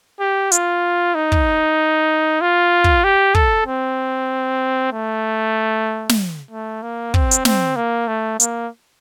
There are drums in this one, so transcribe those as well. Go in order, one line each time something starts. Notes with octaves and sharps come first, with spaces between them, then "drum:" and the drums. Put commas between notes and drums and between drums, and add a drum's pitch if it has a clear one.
G4
F4, drum: hi-hat
D#4
drum: kick
F4
drum: kick
G4
A4, drum: kick
C4
A3
drum: snare
A3
A#3
C4, drum: kick
drum: hi-hat
C4, drum: snare
A#3
A3
A#3, drum: hi-hat